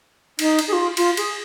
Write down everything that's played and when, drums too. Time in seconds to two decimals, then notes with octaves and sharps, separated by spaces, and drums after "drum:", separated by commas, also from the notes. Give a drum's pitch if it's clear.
0.39 D#4, drum: cymbal
0.59 drum: cymbal
0.68 G#4
0.73 F4
0.97 F4, drum: cymbal
1.17 G#4, drum: cymbal